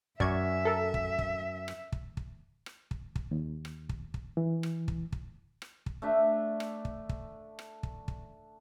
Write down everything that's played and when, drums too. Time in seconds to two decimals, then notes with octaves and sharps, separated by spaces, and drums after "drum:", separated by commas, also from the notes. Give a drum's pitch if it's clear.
0.20 F#2 D5 E5 C#6 G#6, drum: kick
0.65 A4 A#4
0.94 drum: kick
1.19 drum: kick
1.68 drum: rim click
1.92 drum: kick
2.17 drum: kick
2.66 drum: rim click
2.91 drum: kick
3.16 drum: kick
3.31 D#2
3.65 drum: rim click
3.89 drum: kick
4.14 drum: kick
4.37 E3
4.63 drum: rim click
4.88 drum: kick
5.12 drum: kick
5.62 drum: rim click
5.86 drum: kick
6.02 A3 D4 E5
6.60 drum: rim click
6.85 drum: kick
7.09 drum: kick
7.59 drum: rim click
7.83 drum: kick
8.08 drum: kick